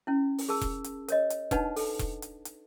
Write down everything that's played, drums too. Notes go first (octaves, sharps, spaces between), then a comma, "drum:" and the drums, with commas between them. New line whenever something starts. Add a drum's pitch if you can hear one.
C#4 E4
drum: open hi-hat
G#4 A#4 A5 E6
drum: kick E1, hi-hat
drum: hi-hat
A#4 C#5 D#5, drum: hi-hat
drum: hi-hat
D4 D#4 B4 F#5 A5, drum: kick E1, hi-hat
A4, drum: open hi-hat
drum: kick E1, hi-hat
drum: hi-hat
drum: hi-hat